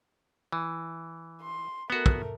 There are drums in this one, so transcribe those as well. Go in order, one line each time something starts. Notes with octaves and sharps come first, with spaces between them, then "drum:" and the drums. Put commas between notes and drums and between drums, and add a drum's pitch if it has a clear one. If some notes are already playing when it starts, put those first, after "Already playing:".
E3
C6
A3 B3 F#4 A#4
drum: kick